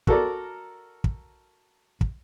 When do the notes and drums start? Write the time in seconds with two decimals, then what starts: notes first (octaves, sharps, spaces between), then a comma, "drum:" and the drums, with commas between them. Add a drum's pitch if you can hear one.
0.07 F#4 A4 A#4 D5, drum: kick
1.04 drum: kick
2.01 drum: kick